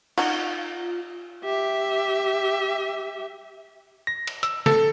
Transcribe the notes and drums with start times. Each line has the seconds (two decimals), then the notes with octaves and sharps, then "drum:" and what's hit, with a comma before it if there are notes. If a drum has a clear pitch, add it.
0.18 D#4 F4 F#4, drum: cymbal
1.44 G4 E5
4.07 A#6
4.27 drum: cymbal
4.43 E6, drum: hi-hat
4.66 A4, drum: snare